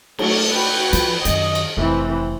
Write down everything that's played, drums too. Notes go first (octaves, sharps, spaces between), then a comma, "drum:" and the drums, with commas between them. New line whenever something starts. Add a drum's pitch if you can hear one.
F#3 A3, drum: cymbal
F#4 B4 G5
F3, drum: hi-hat
F#2 D#3 D#5, drum: hi-hat
drum: cymbal
F1 E3 C4